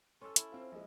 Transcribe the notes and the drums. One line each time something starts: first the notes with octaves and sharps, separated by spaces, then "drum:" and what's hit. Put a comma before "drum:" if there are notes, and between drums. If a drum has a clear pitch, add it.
C#4 A4 C6 E6
E4, drum: hi-hat
C4 F4 C5
A#1 G#3 D#5